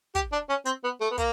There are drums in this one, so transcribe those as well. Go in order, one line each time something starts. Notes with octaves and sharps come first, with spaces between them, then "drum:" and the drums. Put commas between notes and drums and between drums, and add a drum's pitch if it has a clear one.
G4, drum: kick, hi-hat
D4
C#4
C4, drum: hi-hat
B3
A3
B3
A#3, drum: kick, hi-hat